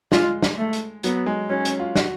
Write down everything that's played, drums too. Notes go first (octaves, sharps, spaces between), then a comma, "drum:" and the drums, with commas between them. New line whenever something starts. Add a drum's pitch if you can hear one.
G#3 F4, drum: snare
drum: snare
A3
drum: hi-hat
F#3 B3, drum: hi-hat
G#3
F#3 C#4
C#4, drum: hi-hat
F4
F#4, drum: snare